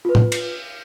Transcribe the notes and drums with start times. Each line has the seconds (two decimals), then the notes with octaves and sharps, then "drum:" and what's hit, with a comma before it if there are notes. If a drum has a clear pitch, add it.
0.05 F4 B4
0.15 drum: tom A2
0.32 drum: cymbal